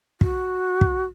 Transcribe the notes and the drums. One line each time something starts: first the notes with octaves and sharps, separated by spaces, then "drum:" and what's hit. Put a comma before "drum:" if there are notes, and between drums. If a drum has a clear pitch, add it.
F#4, drum: kick
drum: kick